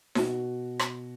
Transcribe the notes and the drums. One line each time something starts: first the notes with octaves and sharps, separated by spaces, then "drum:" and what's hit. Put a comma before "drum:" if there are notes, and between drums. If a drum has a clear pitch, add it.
B2 B3 F#4, drum: snare D#4
drum: rim click